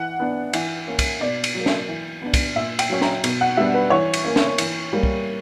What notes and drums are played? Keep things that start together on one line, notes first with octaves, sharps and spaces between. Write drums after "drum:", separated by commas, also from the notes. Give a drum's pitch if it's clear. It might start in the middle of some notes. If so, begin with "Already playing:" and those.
Already playing: E3 F#5
B3 D4
E3, drum: cymbal
A#3 C#4
drum: kick, cymbal
B2 D5
drum: cymbal
F#3 A#3
drum: snare
E3
B3 D4
drum: kick, cymbal
A#2 E5
G5, drum: cymbal
F#3 C#4
A#5, drum: snare
B2, drum: cymbal
F#5
G3 B3 D4 E5
B4
E3 C#5
drum: cymbal
A#3 C#4
drum: snare
E3, drum: cymbal
G3 A#3
drum: kick